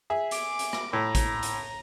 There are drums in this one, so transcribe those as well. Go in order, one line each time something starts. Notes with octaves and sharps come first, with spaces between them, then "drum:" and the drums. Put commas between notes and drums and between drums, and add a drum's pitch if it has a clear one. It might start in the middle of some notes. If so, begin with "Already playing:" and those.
G#4 E5
D6, drum: hi-hat
drum: hi-hat
drum: rim click
A2 A#5
drum: kick A1, hi-hat
drum: hi-hat